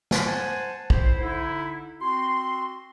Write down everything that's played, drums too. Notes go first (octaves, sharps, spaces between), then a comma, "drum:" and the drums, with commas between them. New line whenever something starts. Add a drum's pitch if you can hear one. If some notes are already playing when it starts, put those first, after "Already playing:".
drum: snare
C5 F#5 G#5 A5
E4 C5, drum: kick
D3 D#4 E4
C4 F#4 C6